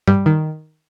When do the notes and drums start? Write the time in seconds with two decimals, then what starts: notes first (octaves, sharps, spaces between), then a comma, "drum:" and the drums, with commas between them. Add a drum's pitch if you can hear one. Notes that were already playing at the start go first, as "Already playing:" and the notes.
0.07 G3, drum: tom G2
0.26 D#3